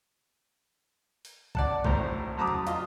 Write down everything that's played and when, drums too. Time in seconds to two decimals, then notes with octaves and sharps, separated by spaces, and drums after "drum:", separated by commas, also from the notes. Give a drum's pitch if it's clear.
1.25 drum: open hi-hat
1.55 D5 F#5 A5, drum: kick
1.85 G#1 A2 C5 A#5, drum: kick
2.38 F#2 A5 A#5 D6 D#6
2.48 drum: tom E2
2.67 F4 D#5, drum: hi-hat